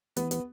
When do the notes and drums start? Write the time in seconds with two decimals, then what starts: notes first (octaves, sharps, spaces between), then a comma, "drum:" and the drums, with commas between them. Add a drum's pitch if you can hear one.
0.16 E3 B3, drum: hi-hat
0.31 B3, drum: hi-hat